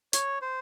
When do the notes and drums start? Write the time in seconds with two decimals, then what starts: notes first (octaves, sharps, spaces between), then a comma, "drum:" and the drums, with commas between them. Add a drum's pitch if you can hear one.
0.13 C#5, drum: hi-hat
0.42 C5